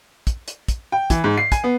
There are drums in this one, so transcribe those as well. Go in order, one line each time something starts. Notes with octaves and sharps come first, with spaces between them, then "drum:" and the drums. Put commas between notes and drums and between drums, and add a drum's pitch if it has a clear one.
drum: kick, hi-hat
drum: hi-hat
drum: kick, hi-hat
G5
E3, drum: kick, hi-hat
G#2
C7
G#5, drum: kick, hi-hat
B3